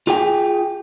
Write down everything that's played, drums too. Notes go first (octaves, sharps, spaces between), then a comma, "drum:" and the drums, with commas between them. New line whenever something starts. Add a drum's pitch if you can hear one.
F4 G#4 G5, drum: hi-hat